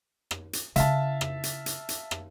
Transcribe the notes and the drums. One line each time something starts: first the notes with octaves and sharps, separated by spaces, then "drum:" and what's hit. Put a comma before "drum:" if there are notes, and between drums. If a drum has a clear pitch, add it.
drum: rim click
drum: hi-hat
C#3 E4 E5 F5 A5, drum: hi-hat
drum: rim click
drum: hi-hat
drum: hi-hat
drum: hi-hat
drum: rim click